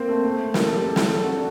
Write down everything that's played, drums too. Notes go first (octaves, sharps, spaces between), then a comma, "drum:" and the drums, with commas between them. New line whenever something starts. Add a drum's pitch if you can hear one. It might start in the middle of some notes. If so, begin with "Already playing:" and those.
Already playing: A#3 C4
A3
A3
A#4, drum: snare
A4
G4
A4
drum: snare
A4
F#4
D4